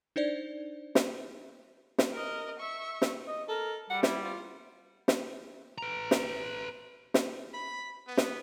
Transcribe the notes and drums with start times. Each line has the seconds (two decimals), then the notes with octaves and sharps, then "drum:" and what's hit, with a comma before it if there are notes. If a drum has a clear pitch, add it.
0.16 D4 D#4 C5 D5
0.95 drum: snare
1.98 drum: snare
2.12 A#4 D#5
2.59 E5 C#6
3.02 drum: snare
3.27 D#5
3.49 A4 A#4
3.90 G3 F#5
4.03 E4, drum: snare
4.24 F4
5.08 drum: snare
5.78 B4 A#5
6.11 drum: snare
7.14 drum: snare
7.53 B5
8.07 B3
8.17 drum: snare